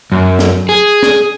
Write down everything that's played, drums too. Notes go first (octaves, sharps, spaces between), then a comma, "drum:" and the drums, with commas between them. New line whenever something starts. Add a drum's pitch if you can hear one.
F#2
drum: snare
G#4
drum: snare